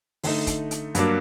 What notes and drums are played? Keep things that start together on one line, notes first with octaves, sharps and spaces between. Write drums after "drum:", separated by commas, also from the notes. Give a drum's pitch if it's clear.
D3 A3 D#4, drum: open hi-hat
drum: kick, hi-hat
drum: hi-hat
G2 F#3 A#3 D4, drum: hi-hat